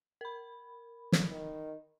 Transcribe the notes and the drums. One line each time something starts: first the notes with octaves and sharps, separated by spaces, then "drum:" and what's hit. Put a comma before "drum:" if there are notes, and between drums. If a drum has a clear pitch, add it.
A#4 B5
drum: snare
D#3